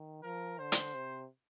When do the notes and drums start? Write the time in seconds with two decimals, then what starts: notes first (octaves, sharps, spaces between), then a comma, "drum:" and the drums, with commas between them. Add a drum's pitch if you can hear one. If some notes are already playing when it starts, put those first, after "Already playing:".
Already playing: D#3
0.22 F3 A#4
0.59 D3 C5
0.72 drum: hi-hat
0.95 C3